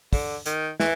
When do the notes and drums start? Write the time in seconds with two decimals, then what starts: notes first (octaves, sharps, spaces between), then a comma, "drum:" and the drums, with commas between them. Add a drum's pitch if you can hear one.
0.13 D3, drum: kick, open hi-hat
0.46 D#3, drum: hi-hat
0.80 E3, drum: snare